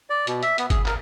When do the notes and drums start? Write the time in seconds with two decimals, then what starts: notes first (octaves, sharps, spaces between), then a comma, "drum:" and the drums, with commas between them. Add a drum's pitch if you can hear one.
0.10 D5
0.27 B2, drum: hi-hat
0.43 E5, drum: hi-hat
0.58 B3, drum: hi-hat
0.70 G#4, drum: kick G1, hi-hat
0.86 A#4, drum: clap